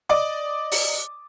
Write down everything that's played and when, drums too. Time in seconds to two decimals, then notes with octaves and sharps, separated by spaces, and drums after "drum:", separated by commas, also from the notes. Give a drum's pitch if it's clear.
0.09 D5 D#5 D6
0.72 drum: open hi-hat